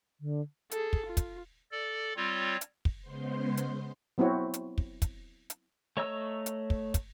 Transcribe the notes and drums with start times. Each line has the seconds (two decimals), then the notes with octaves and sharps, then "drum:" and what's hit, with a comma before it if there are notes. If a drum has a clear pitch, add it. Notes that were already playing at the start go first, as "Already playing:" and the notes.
0.21 D3
0.71 G#4 A4, drum: hi-hat
0.93 drum: kick
1.06 F4
1.17 drum: kick, hi-hat
1.71 A4 D5
2.16 G3 C4 F4 C#5
2.61 drum: hi-hat
2.85 drum: kick
3.01 C#3 G#3 B3 C5 C6
3.57 drum: hi-hat
4.18 F#3 B3 C4 E4 F#4 C#5
4.54 drum: hi-hat
4.78 drum: kick
5.02 drum: kick, hi-hat
5.50 drum: hi-hat
5.97 A3 C#5 D#5 A#5 E6
6.46 drum: hi-hat
6.70 drum: kick
6.94 drum: kick, hi-hat